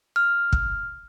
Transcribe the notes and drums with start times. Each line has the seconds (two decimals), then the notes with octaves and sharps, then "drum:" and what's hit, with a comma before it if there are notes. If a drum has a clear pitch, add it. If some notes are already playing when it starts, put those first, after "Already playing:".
0.16 F6
0.52 drum: kick